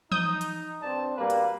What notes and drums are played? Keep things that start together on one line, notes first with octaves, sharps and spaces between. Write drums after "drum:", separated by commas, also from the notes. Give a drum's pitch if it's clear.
D#4 D#6 G6, drum: tom E3
drum: hi-hat
G2 C4 D4 A5
B2 G3 A#3 B4
drum: hi-hat